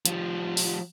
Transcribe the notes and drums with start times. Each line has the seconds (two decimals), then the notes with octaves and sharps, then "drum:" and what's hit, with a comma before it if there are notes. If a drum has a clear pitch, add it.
0.05 F3 G3, drum: hi-hat
0.57 drum: open hi-hat